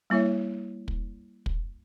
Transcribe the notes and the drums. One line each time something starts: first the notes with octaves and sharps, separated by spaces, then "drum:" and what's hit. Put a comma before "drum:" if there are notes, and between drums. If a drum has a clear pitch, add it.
G3 A#3 E4 C#5 E5
drum: kick
drum: kick